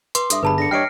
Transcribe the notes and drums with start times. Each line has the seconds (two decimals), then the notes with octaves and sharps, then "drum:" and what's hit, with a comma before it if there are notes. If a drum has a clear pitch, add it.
0.15 B4 C6 D6, drum: hi-hat
0.30 G2 A4 E5 D#6, drum: hi-hat
0.43 G1 G2 G#4 B4 A5 B5
0.58 D3 A#6 C#7
0.71 G2 C#5 D#5 G5 F6 C7 D7